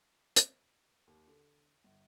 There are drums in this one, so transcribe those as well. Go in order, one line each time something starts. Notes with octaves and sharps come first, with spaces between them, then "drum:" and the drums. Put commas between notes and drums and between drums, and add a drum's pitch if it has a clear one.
drum: hi-hat
D#2
D3
G1